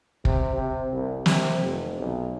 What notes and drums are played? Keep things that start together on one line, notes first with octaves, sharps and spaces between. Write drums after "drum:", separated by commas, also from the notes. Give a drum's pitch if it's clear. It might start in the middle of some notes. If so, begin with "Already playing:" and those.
C3, drum: kick
C3
C2
C3, drum: snare
F1
B1